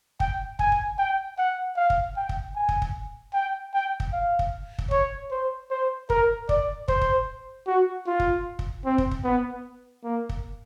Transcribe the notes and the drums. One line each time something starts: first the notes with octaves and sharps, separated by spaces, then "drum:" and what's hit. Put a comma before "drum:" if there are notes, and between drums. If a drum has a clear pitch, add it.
G5, drum: kick
G#5, drum: kick
drum: kick
G5
F#5
F5
drum: kick
G5
drum: kick
G#5
drum: kick
drum: kick
G5
G5
drum: kick
F5
drum: kick
drum: kick
C#5, drum: kick
C5
C5
A#4, drum: kick
D5, drum: kick
C5, drum: kick
drum: kick
F#4
F4
drum: kick
drum: kick
C4
drum: kick
drum: kick
B3
A#3
drum: kick